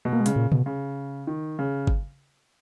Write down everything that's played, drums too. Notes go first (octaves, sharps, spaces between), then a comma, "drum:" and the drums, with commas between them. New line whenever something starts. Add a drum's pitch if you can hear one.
B2
A#3
G#3
C#3, drum: hi-hat
A#2
B2, drum: tom C3
C#3
D#3
C#3
drum: kick G1